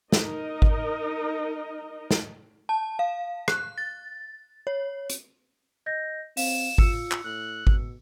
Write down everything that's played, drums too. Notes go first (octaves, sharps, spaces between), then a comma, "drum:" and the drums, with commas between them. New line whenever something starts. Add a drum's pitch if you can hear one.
D#4 A#4 D#5, drum: snare
drum: kick G#1
drum: snare
A5
F5
F#6, drum: rim click
A6
C#5
drum: hi-hat
D#5 G6 A#6
C4 F5 E7, drum: open hi-hat
F4 E6 C#7, drum: kick G#1
drum: clap
A2 F#6
B2, drum: kick G#1